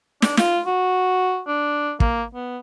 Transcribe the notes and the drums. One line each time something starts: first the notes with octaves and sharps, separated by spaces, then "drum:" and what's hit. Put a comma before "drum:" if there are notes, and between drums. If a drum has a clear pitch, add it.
D4, drum: snare
F4, drum: snare
F#4
D4
A#3, drum: kick
B3